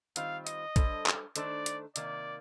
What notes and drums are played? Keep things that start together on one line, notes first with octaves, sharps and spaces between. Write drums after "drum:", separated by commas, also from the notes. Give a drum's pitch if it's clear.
D#3 G3 C4 F4 C5 F5, drum: hi-hat
D#5, drum: hi-hat
G3 D4 A4 C5, drum: kick, hi-hat
drum: clap
D#3 A3 D4 A4 C5 D5, drum: hi-hat
drum: hi-hat
C3 D#3 A#3 D5, drum: hi-hat